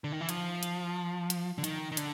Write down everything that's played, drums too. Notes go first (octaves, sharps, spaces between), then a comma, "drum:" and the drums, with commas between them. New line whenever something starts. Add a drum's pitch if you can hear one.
D3
D#3
E3
F3, drum: hi-hat
drum: hi-hat
drum: hi-hat
D3
D#3, drum: hi-hat
D#3
D3, drum: hi-hat